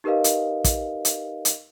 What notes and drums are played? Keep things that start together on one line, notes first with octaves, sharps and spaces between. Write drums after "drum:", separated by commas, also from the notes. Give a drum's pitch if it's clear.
D#4 G4 A#4 B4 D#5 F5
drum: hi-hat
drum: kick, hi-hat
drum: hi-hat
drum: hi-hat